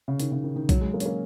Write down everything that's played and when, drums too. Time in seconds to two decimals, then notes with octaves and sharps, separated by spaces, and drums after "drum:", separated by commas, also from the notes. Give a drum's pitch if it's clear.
0.08 C#3
0.20 D#3, drum: hi-hat
0.32 C#3
0.44 D#3
0.56 D#3
0.69 F#3, drum: kick B1, hi-hat
0.81 G#3
0.94 A#3
1.00 C#4, drum: hi-hat
1.05 A#3